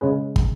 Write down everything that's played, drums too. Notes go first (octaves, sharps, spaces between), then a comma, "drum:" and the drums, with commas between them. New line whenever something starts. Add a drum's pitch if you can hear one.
C#3 G#3 C#4 G#4 B4
drum: kick